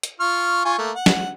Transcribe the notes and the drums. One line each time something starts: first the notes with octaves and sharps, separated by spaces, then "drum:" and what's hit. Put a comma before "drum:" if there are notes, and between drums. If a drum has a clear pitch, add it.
drum: hi-hat
F4 C#6 F6
F4 G#5 C#6
A3 A#3
F#5
drum: snare